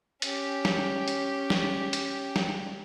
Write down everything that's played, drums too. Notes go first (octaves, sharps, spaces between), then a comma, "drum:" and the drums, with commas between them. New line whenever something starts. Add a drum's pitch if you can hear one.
C#4 G4, drum: hi-hat
drum: snare
drum: hi-hat
drum: snare
drum: hi-hat
drum: snare